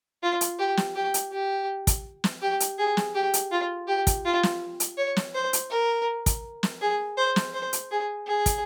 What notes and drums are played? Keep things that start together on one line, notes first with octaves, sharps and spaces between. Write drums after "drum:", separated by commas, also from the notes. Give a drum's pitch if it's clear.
F4
drum: hi-hat
G4
drum: snare
G4
drum: hi-hat
G4
drum: kick, hi-hat
drum: snare
G4
drum: hi-hat
G#4
drum: snare
G4
drum: hi-hat
F4
G4
drum: kick, hi-hat
F4
drum: snare
drum: hi-hat
C#5
drum: snare
C5
drum: hi-hat
A#4
drum: kick, hi-hat
drum: snare
G#4
C5
drum: snare
C5
drum: hi-hat
G#4
G#4
drum: kick, hi-hat